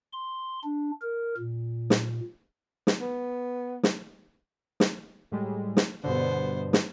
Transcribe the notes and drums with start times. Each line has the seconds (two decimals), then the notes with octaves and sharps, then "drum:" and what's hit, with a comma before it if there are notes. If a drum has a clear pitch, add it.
0.13 C6
0.64 D4
1.01 A#4
1.38 A#2
1.90 drum: snare
2.87 drum: snare
3.01 B3
3.83 drum: snare
4.80 drum: snare
5.32 A2 G3 G#3
5.77 drum: snare
6.04 G2 B2 D3 B3 C5
6.73 drum: snare